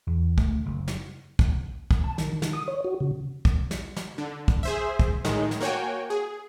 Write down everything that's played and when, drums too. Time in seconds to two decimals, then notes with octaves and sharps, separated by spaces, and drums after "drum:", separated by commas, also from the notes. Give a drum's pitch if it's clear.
0.07 E2
0.38 D2 A3, drum: kick
0.66 F#1
0.88 drum: snare
1.39 drum: kick
1.91 drum: kick
2.04 A5
2.18 D#3, drum: snare
2.33 D#3
2.42 drum: snare
2.53 D#6
2.68 C#5
2.84 F#4
3.00 C#3
3.45 drum: kick
3.71 drum: snare
3.97 drum: snare
4.18 D3
4.48 drum: kick
4.63 G#4 C5 E5
4.99 drum: kick
5.25 A2 D#3 G#3, drum: snare
5.51 drum: snare
5.60 A#3 F#4 C#5 G5 G#5
6.10 G#4